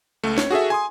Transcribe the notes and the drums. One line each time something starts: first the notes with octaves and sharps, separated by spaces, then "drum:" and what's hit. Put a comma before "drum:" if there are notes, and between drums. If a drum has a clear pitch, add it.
C#2 A3
C#5, drum: snare
F#4 G#4 A4 E5
G#5 C6 D#6